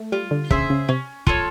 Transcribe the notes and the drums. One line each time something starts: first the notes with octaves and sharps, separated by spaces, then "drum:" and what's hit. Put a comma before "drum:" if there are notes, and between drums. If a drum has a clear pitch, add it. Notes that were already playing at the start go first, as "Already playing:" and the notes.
Already playing: A3
G3 F4
D3
C#3 G#4 C5 E5, drum: kick
C#3
C3 C#4
F4 A4 C#5, drum: kick